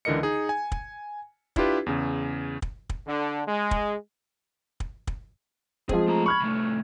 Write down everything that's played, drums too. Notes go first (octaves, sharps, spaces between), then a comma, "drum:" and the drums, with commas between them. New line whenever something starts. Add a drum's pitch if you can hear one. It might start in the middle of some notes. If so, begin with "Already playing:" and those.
C#2 D3 E3 A#4 D#5 C#7
D#4 G#4
G#5
drum: kick
D4 E4 F4 G4 B4, drum: kick
E2 C#3
drum: kick
drum: kick
D3
G#3
drum: kick
drum: kick
drum: kick
F3 G#3 C4 G#4, drum: kick
A3 A#5
B5 C#6 F6 G#6
C2 A3